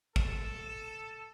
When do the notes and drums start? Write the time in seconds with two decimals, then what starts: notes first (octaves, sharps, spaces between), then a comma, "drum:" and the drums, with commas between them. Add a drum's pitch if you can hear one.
0.16 A4 E7, drum: kick